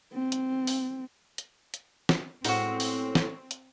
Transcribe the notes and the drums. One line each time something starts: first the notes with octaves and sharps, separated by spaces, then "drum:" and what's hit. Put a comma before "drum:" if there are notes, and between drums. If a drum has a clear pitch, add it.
C4
drum: hi-hat
drum: open hi-hat
drum: hi-hat
drum: hi-hat
drum: snare
A2 G#3 B3 C4 D#4 F#4, drum: open hi-hat
drum: open hi-hat
drum: snare
drum: hi-hat